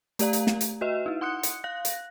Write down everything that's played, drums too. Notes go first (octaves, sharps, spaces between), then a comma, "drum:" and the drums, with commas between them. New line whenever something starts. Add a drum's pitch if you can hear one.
A3 G4 D5 F5 A#5, drum: hi-hat
drum: hi-hat
drum: snare
drum: hi-hat
F#4 B4 D#5 E5
D#4 E4
F#5 C6 D#6 F#6 C#7
drum: hi-hat
F5 F#6 A#6
drum: hi-hat